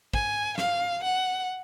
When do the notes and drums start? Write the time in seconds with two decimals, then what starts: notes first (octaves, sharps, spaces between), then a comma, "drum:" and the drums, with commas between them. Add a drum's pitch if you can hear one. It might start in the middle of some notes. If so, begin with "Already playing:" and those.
0.14 G#5, drum: kick
0.58 F5, drum: snare
1.03 F#5